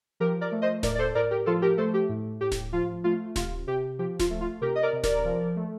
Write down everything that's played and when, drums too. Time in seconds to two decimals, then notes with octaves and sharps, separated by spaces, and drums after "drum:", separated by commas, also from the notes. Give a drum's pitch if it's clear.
0.20 F3 G4 A#4
0.41 A#4 D5
0.52 A3
0.62 C5 D#5
0.83 A2 A#4 D5, drum: snare D1
0.95 D5
0.99 A4 C5
1.15 A2 A#4 D5
1.31 G4 A#4
1.46 F3 F4 A4
1.62 G4 A#4
1.78 A3 A4 C5
1.94 G4
2.09 A2
2.41 A2 G4
2.52 drum: snare D1
2.73 F3 F4
3.04 A3 F4
3.36 C3 F4, drum: snare D1
3.67 C3 G4
3.99 F3 G4
4.19 F4, drum: snare D1
4.30 A3
4.41 F4
4.61 C3 G4 A#4
4.75 D#5
4.83 A#4 D5
4.93 C3
5.04 A#4 D5, drum: snare D1
5.25 F3
5.56 A3